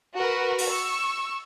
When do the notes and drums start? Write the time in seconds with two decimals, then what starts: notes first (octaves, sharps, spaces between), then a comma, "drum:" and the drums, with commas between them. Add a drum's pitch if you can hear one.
0.16 F#4 A#4 B4
0.58 drum: open hi-hat
0.69 C#6 E6